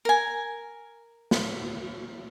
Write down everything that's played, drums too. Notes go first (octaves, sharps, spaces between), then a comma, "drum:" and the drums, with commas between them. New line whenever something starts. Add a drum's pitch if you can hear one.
A#4 G#5
drum: snare